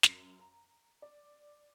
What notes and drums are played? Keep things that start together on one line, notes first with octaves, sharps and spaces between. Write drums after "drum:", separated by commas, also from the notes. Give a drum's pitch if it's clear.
F#2, drum: snare
A#5
D5